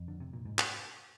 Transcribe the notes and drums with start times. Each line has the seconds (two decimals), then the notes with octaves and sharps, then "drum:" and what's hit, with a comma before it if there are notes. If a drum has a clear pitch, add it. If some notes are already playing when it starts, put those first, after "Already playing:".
Already playing: F2
0.08 D3
0.20 C3
0.33 A#2
0.45 G#2
0.59 drum: clap